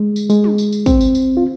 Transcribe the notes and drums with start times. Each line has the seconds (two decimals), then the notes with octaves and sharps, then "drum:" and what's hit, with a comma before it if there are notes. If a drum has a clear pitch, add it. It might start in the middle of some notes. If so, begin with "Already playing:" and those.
Already playing: G#3
0.16 drum: tambourine
0.30 G#3, drum: tambourine
0.44 drum: tom
0.58 drum: tambourine
0.72 drum: tambourine
0.86 C4, drum: kick, tambourine
1.01 drum: tambourine
1.15 drum: tambourine
1.37 F4